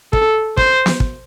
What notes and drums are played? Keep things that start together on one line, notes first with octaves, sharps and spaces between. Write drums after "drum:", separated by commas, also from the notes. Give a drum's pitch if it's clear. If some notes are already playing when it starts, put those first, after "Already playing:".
A4, drum: kick
C5, drum: kick
drum: snare
drum: kick